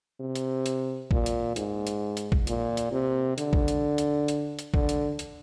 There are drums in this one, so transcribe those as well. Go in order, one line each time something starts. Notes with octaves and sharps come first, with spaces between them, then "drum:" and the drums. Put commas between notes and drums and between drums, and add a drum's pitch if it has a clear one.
C3
drum: hi-hat
drum: hi-hat
A#2, drum: kick A1
drum: hi-hat
G#2, drum: hi-hat
drum: hi-hat
drum: hi-hat
drum: kick A1
A#2, drum: hi-hat
drum: hi-hat
C3
D3, drum: hi-hat
drum: kick A1
drum: hi-hat
drum: hi-hat
drum: hi-hat
drum: hi-hat
D3, drum: kick A1
drum: hi-hat
drum: hi-hat